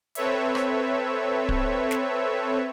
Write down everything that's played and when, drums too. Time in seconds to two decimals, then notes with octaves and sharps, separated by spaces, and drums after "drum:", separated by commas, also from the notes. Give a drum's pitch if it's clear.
0.15 C4 A4 B4 C#5 E5, drum: hi-hat
0.55 drum: rim click
1.49 drum: kick D1
1.91 drum: snare